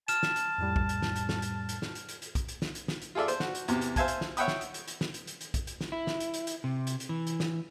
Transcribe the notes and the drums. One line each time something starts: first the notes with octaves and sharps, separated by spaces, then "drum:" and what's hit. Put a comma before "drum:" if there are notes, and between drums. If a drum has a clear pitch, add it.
A5 F6 E7, drum: hi-hat
drum: snare
drum: hi-hat
F2 A2 G3
drum: kick A#1
drum: hi-hat
drum: snare
drum: hi-hat
drum: snare
drum: hi-hat
drum: hi-hat
drum: snare
drum: hi-hat
drum: hi-hat
drum: hi-hat
drum: kick A#1, hi-hat
drum: hi-hat
drum: snare
drum: hi-hat
drum: snare
drum: hi-hat
F4 G#4 A4 D5 E5
C5, drum: hi-hat
F#4, drum: snare
drum: hi-hat
E2 C3, drum: hi-hat
drum: hi-hat
C5 E5 F5 G#5 A5, drum: kick A#1, hi-hat
drum: hi-hat
drum: snare
C#5 E5 F#5 G5 B5 D#6, drum: hi-hat
drum: snare
drum: hi-hat
drum: hi-hat
drum: hi-hat
drum: snare
drum: hi-hat
drum: hi-hat
drum: hi-hat
drum: kick A#1, hi-hat
drum: hi-hat
drum: snare
E4
drum: snare
drum: hi-hat
drum: hi-hat
drum: hi-hat
C3
drum: hi-hat
drum: hi-hat
E3
drum: hi-hat
drum: snare